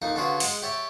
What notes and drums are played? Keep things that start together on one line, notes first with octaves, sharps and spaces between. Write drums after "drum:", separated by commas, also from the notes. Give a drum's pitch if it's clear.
F2 A#3 D#4
D3 C#4 F4 F#4 G#4 B4
G#3 F#5, drum: open hi-hat
G4 C#5 D5 E5